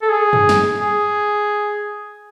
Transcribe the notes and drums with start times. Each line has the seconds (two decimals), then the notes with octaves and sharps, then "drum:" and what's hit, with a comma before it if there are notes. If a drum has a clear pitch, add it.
0.02 A4
0.10 G#4
0.33 drum: tom
0.49 drum: snare
0.81 G#4